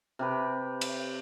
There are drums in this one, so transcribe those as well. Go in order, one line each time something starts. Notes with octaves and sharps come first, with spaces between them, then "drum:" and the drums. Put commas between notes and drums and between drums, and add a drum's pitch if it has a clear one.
C3 G4 B4
drum: cymbal